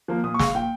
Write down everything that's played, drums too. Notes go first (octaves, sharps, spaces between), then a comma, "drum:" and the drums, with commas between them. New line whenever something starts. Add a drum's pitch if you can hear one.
F3 A#3
A#2 D#6
C#6
G#3 F5, drum: snare
A#2 G5